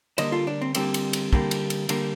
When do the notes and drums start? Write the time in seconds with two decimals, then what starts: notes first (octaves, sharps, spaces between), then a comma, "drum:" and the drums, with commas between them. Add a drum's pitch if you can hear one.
0.18 D3 G3 A#3 C5 D#5, drum: cymbal
0.32 F4 A4
0.47 D4
0.62 C4
0.75 D3 G3 A#3 C4, drum: cymbal
0.94 drum: cymbal
1.13 drum: cymbal
1.33 D3 G3 A#3, drum: kick
1.51 drum: cymbal
1.70 drum: cymbal
1.89 D3 G3 A#3, drum: cymbal